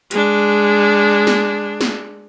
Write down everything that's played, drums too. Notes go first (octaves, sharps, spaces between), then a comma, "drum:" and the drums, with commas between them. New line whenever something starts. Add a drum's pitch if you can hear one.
G#3 D4, drum: hi-hat
drum: snare
drum: snare